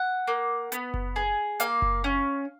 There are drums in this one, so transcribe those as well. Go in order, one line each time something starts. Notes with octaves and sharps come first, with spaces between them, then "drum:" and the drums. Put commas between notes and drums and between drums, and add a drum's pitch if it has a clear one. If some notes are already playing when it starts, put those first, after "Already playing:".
Already playing: F#5
A#3
B3, drum: hi-hat
drum: kick F#1
G#4
A#3 F5, drum: hi-hat
drum: kick F#1
C#4